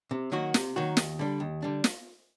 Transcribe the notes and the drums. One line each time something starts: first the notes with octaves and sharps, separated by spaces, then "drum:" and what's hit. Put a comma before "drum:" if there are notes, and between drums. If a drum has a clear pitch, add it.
C3
D#3 F#3 A#3 F#4
C3, drum: snare
D#3 F#3 A#3 F#4
D#2, drum: snare
D3 G3 D4
D#2
D3 G3 D4
drum: snare